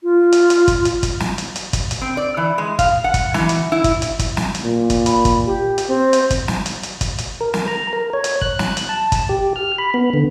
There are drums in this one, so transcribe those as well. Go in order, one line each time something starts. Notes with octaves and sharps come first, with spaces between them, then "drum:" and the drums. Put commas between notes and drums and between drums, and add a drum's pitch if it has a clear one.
F4
drum: hi-hat
drum: hi-hat
drum: kick, hi-hat
drum: hi-hat
drum: kick, hi-hat
drum: snare
drum: hi-hat
drum: hi-hat
drum: kick, hi-hat
drum: hi-hat
C4
D5
E3
G#3
F5, drum: kick, hi-hat
F#5
drum: kick, hi-hat
E3, drum: snare
drum: hi-hat
E4
drum: kick, hi-hat
drum: hi-hat
drum: kick, hi-hat
drum: snare
drum: hi-hat
A#2
drum: kick, hi-hat
B5, drum: hi-hat
drum: kick, hi-hat
G4
drum: hi-hat
C4
drum: hi-hat
drum: kick, hi-hat
drum: snare
drum: hi-hat
drum: hi-hat
drum: kick, hi-hat
drum: hi-hat
A#4
drum: snare
A#5
A#4
C#5
drum: hi-hat
F#6, drum: kick
drum: snare
drum: hi-hat
A5
drum: kick, hi-hat
G4
F6
B5
B3
D3